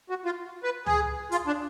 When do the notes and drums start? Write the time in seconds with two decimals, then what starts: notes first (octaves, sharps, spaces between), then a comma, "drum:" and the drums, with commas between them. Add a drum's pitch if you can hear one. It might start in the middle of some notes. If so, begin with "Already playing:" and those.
0.10 F#4
0.25 F4
0.63 B4
0.86 G#4, drum: tom C#2
1.32 F4, drum: hi-hat
1.47 D4